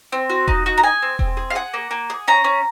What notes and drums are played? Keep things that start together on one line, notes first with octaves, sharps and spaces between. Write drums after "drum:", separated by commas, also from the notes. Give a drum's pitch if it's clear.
C4
F#4
D#4, drum: kick E1
F#4
A#5
G#4 G#5
C4
C4, drum: kick E1
G#4
F5
G#4 F#5
A#3
A#3
G#4
C#4 A#5
C#4